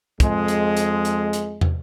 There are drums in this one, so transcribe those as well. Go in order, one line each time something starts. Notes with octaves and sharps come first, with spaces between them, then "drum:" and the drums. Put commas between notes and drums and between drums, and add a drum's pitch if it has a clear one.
F2 G#3, drum: kick, hi-hat
drum: hi-hat
drum: hi-hat
drum: hi-hat
drum: hi-hat
drum: tom